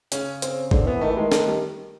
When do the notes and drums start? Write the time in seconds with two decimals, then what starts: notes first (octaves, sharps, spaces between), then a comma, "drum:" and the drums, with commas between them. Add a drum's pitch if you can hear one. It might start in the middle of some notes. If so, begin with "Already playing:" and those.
0.12 C#3 C#4, drum: hi-hat
0.42 C4, drum: hi-hat
0.71 D3 C4, drum: kick G#1
0.86 E3 B3
1.01 D#3 A3
1.10 E3
1.17 D#3 G#3
1.32 A3, drum: snare
1.47 G3